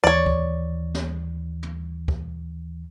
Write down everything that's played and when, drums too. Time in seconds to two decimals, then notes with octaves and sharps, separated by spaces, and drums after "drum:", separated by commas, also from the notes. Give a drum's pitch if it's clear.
0.04 D#2 E3 C#5 D5
0.26 drum: kick
0.94 drum: snare
1.63 drum: tom
2.08 drum: kick